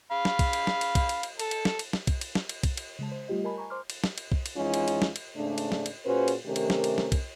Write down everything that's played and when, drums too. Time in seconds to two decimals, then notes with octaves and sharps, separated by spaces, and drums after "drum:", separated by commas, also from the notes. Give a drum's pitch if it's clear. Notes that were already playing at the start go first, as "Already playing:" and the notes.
0.11 F5 B5
0.25 drum: snare
0.39 drum: kick, cymbal
0.53 drum: cymbal
0.67 drum: snare
0.81 drum: cymbal
0.95 drum: kick, cymbal
1.09 drum: cymbal
1.23 drum: cymbal
1.39 A4, drum: cymbal
1.51 drum: cymbal
1.65 drum: snare
1.79 drum: cymbal
1.93 drum: snare
2.07 drum: kick, cymbal
2.21 drum: cymbal
2.35 drum: snare
2.49 drum: cymbal
2.63 drum: kick, cymbal
2.77 drum: cymbal
2.99 C#3 G#3 A5
3.12 C5
3.28 G3 A3 F4 G4 D#5
3.44 A#4 D#5 G#5 A5 B5
3.58 G#5 A#5 C#6
3.70 C5 C6 D6 F6
3.90 drum: cymbal
4.04 drum: snare
4.18 drum: cymbal
4.32 drum: kick
4.46 drum: cymbal
4.56 F2 E3 G#3 C#4 D#4 F4
4.74 drum: cymbal
4.88 drum: cymbal
5.02 drum: snare
5.16 drum: cymbal
5.36 G#2 C#3 A3 D4
5.58 drum: cymbal
5.72 drum: snare
5.86 drum: cymbal
6.05 A#2 C#4 F#4 G#4 B4 C5
6.28 drum: cymbal
6.46 C3 D#3 A3 C#4 G4 A#4
6.56 drum: cymbal
6.70 drum: snare
6.84 drum: cymbal
6.98 drum: snare
7.12 drum: kick, cymbal